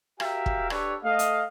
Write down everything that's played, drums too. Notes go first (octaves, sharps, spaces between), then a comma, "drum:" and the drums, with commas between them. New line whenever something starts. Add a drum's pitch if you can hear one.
F#4 G4 A#4 E5 F5 G5, drum: rim click
drum: kick
D4 G4 A4 B4 C#5 D5, drum: rim click
A3 D#5 F5
drum: hi-hat